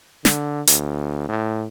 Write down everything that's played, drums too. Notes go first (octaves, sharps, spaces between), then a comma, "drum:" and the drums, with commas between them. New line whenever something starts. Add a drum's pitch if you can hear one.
D3, drum: snare
D2, drum: hi-hat
A2